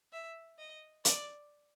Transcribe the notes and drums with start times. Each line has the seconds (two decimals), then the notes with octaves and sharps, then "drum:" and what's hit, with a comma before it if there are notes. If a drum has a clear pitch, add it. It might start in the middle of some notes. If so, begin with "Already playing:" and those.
0.13 E5
0.59 D#5
1.05 D5, drum: hi-hat